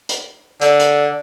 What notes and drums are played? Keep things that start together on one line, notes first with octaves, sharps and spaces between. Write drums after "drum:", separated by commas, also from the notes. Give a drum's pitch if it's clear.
drum: hi-hat
D3, drum: hi-hat
drum: hi-hat